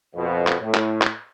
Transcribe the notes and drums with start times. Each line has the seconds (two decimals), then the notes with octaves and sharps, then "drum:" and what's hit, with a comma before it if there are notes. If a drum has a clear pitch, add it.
0.15 F2 B2
0.47 drum: clap
0.61 A2
0.75 drum: clap
1.02 drum: clap